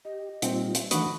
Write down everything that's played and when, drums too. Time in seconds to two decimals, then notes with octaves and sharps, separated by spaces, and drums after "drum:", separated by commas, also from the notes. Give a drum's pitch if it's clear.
0.05 G4 D#5
0.42 A#2 G3 C4 D#4 F4, drum: hi-hat
0.75 drum: hi-hat
0.91 D#3 E3 A3 D4 F#4 B5 D#6, drum: hi-hat